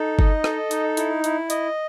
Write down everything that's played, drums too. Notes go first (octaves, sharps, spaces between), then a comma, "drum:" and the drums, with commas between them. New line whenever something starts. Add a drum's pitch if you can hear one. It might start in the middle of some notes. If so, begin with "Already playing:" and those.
Already playing: D#4 A4
D#5, drum: kick G1
A4, drum: rim click
D#4, drum: hi-hat
E4, drum: hi-hat
E4, drum: hi-hat
D#5, drum: hi-hat